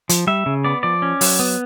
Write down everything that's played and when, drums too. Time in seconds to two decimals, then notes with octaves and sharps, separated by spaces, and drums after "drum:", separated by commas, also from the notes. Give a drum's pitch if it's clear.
0.09 F3, drum: hi-hat
0.27 G3 E5
0.46 C#3
0.64 B3 D5
0.83 F3 D5
1.02 C#4
1.21 F#3, drum: open hi-hat
1.39 B3